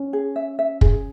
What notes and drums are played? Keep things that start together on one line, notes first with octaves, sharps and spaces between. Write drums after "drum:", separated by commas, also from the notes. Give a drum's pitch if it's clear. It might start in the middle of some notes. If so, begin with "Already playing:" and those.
Already playing: C#4
G#4
E5
E5
G#4, drum: kick